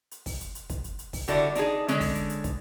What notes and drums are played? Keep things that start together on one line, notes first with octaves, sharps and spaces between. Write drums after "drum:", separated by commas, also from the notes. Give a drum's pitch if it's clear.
drum: hi-hat
drum: kick, open hi-hat
drum: hi-hat
drum: hi-hat
drum: kick, hi-hat
drum: hi-hat
drum: hi-hat
drum: kick, open hi-hat
D3 G3 E4 F#4 A4 D5, drum: hi-hat
D4 D#4 G4 G#4, drum: hi-hat
D3 G#3 C#4, drum: hi-hat
drum: kick, open hi-hat
drum: hi-hat
drum: hi-hat
drum: kick, hi-hat